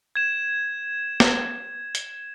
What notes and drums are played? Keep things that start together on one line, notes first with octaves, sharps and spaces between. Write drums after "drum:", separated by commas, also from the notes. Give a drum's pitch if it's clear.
G#6 E7
drum: snare
drum: hi-hat